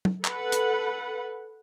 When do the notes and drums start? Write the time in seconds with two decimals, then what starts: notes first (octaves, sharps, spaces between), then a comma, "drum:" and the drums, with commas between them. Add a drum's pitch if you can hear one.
0.05 drum: tom
0.25 A4 B4 F#5, drum: clap
0.52 drum: hi-hat